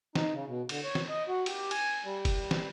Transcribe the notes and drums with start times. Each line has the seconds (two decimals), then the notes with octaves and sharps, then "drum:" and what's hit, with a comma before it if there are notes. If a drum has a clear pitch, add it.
0.16 D#4, drum: snare
0.33 C#3
0.47 B2
0.69 D3, drum: cymbal
0.84 C#5
0.95 drum: snare
1.09 D#5
1.28 F#4
1.46 G4, drum: cymbal
1.71 G#5, drum: cymbal
2.04 G3
2.25 drum: kick F#1, cymbal
2.51 drum: snare